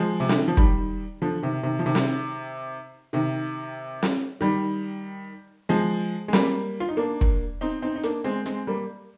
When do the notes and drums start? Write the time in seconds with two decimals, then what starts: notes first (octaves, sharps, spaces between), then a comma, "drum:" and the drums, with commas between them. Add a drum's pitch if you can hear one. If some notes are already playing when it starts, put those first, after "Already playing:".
Already playing: F3 G#3
0.20 C3
0.29 D3, drum: snare
0.38 D#3
0.48 F3
0.57 D#3 G3, drum: kick
1.22 D3 F3
1.42 C3 D#3
1.63 C3 D#3
1.79 F3
1.86 C3 D#3
1.95 drum: snare
3.13 C3 D#3
4.03 drum: snare
4.41 D#3 G3
5.69 F3 G#3
6.28 G#3
6.33 G3 A#3, drum: snare
6.80 F4
6.89 D#4
6.97 A#3 D4
7.21 drum: kick
7.61 C4 D#4
7.82 C4 D#4
7.96 D#4
8.03 A#3 D4, drum: hi-hat
8.24 G#3 C4
8.46 G#3 C4, drum: hi-hat
8.67 G3 A#3